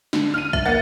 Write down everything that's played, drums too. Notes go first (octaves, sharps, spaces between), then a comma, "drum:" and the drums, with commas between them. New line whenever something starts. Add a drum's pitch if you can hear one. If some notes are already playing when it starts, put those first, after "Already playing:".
D3, drum: snare
F6 D#7
E5, drum: kick
A#3 F#5 A6